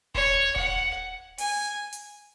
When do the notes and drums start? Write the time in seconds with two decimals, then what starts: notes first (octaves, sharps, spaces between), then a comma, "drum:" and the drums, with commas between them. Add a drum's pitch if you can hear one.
0.15 C#5, drum: kick D#1
0.56 F#5, drum: kick D#1
1.38 G#5, drum: open hi-hat
1.93 drum: hi-hat